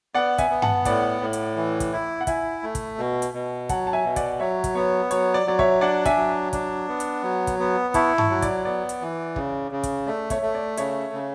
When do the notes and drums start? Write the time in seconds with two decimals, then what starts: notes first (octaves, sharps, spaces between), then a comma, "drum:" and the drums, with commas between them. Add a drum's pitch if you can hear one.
0.14 B3 D5 F#5
0.38 E5 G#5, drum: kick, hi-hat
0.50 B3
0.62 F#5 A5, drum: tom G2
0.85 A2 D5 F#5, drum: kick, hi-hat
1.21 A2
1.33 drum: hi-hat
1.56 E3
1.80 drum: kick, hi-hat
1.93 E4
2.21 F#5
2.27 E4 E5 G#5, drum: kick, hi-hat
2.63 A3
2.75 drum: kick, hi-hat
2.98 B2
3.22 drum: hi-hat
3.34 B2
3.69 F#3 F#5 A5, drum: kick, hi-hat
3.87 A5
3.93 E5 G#5
4.05 B2
4.16 D5 F#5, drum: kick, hi-hat
4.40 F#3 C#5 E5
4.64 drum: kick, hi-hat
4.75 B3 C#5
5.11 F#3 C#5, drum: hi-hat
5.34 D5
5.47 F#3 D5
5.59 C#5 E5, drum: kick
5.81 D4 D5 F#5
6.05 E5 G#5, drum: kick, hi-hat
6.17 F#3
6.53 D4, drum: kick, hi-hat
6.88 B3
7.00 drum: hi-hat
7.23 F#3
7.47 drum: kick, hi-hat
7.59 B3
7.94 E4 A5 C#6, drum: kick, hi-hat
8.18 A5 C#6, drum: tom G2
8.30 F#3
8.42 D5, drum: kick, hi-hat
8.65 B3 D5
8.89 drum: hi-hat
9.01 E3
9.36 C#3, drum: kick
9.72 C#3
9.83 drum: kick, hi-hat
10.07 A3 D5
10.30 C#5 E5, drum: kick, hi-hat
10.42 A3
10.55 D5
10.77 C#3 C#5 E5, drum: hi-hat
11.13 C#3